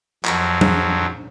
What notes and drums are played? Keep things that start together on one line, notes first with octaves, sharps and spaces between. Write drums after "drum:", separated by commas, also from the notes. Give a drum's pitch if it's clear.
F2 F#3, drum: clap
drum: tom F#3